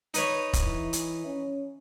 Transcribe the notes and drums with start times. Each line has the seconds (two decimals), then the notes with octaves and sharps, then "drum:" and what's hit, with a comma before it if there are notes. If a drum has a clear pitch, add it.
0.14 D#4 B4 C#5, drum: hi-hat
0.53 drum: kick E1, hi-hat
0.64 E3
0.93 drum: hi-hat
1.26 C#4